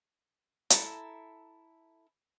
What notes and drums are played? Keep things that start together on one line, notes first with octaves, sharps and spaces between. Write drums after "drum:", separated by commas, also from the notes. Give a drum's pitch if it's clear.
E4 A4 A5 A#5, drum: hi-hat